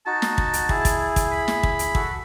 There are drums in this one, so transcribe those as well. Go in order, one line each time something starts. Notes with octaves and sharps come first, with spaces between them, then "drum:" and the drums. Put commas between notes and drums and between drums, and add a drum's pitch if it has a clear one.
D#4 F#4 A5
drum: snare
drum: kick
drum: hi-hat
E4 G#4, drum: kick
drum: kick, hi-hat
drum: kick, hi-hat
B5
drum: snare
drum: kick
drum: hi-hat
F#4 A4, drum: kick